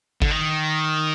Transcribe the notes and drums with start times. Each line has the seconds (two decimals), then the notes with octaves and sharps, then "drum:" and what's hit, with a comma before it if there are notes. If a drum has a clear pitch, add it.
0.22 D3, drum: kick G1
0.31 D#3